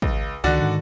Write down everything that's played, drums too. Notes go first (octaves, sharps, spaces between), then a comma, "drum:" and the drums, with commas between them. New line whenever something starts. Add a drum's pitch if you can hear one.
C#2, drum: kick
C#2 D3 D#3 F#4 D5
G#2 D#3